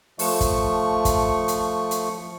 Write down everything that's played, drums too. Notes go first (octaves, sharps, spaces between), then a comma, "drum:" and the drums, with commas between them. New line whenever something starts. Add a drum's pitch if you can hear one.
F3 A3 C#6, drum: open hi-hat
drum: kick, hi-hat
drum: kick, hi-hat
drum: hi-hat
drum: hi-hat